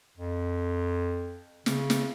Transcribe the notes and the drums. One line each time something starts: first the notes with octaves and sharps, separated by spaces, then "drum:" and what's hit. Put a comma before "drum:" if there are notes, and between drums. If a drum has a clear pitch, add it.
F2
C#3, drum: snare
drum: snare